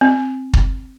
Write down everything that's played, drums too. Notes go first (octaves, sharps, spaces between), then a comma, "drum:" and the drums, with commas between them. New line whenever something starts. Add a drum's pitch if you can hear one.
C4
drum: kick